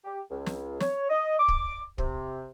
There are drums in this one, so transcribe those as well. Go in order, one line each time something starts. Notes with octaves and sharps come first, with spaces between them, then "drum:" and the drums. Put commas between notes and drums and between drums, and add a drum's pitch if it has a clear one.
G4
C#2
drum: snare
C#5, drum: snare
D#5
D6
drum: kick
C3, drum: kick